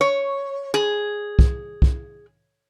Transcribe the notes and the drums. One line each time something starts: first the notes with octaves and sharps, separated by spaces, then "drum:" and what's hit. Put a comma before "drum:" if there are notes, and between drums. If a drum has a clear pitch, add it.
C#5
G#4
drum: kick
drum: kick